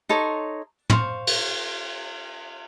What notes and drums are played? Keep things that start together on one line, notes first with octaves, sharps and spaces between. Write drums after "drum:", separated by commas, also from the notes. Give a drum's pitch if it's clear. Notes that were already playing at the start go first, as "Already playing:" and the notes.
D#4 A4 C#5 C6
C5 F5 C#6, drum: tom
drum: cymbal